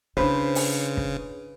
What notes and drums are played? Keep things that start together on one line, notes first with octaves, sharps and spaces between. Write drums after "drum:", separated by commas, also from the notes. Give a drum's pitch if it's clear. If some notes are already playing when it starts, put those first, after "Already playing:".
C#3 D4 E4 B4 C5
drum: open hi-hat
drum: kick